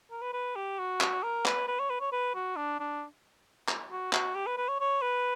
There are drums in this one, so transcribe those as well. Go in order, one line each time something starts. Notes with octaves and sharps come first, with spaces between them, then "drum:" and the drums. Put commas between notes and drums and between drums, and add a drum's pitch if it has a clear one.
A#4
B4
B4
G4
F#4
drum: clap
A#4
B4, drum: clap
B4
C#5
B4
C#5
B4
F#4
D4
D4
drum: clap
F#4
F#4, drum: clap
G4
B4
B4
C#5
C#5
B4